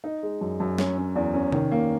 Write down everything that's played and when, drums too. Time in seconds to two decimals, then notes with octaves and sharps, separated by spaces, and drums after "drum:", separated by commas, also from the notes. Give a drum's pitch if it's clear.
0.04 D#4
0.23 G#3
0.41 F#2
0.60 F#2
0.78 C#4, drum: snare
0.97 C#4
1.16 E2
1.34 C#4
1.52 D#3, drum: tom C3
1.71 A#3